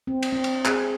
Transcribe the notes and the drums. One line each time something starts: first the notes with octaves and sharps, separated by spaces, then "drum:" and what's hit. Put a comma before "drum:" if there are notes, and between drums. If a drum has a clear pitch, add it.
C4
drum: cymbal
C4
drum: cymbal
G#4, drum: clap